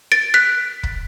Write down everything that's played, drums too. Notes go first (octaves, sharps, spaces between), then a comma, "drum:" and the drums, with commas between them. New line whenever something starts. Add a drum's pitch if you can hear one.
A6 D7
F#6 B6
drum: kick